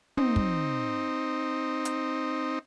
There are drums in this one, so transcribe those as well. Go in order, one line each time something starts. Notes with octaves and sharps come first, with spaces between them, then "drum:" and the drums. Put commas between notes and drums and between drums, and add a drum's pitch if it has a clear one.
C4 D#4, drum: tom
drum: kick
drum: hi-hat